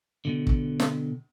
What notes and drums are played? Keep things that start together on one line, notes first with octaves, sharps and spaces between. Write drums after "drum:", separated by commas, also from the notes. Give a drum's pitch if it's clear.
B2 D3
drum: kick
drum: snare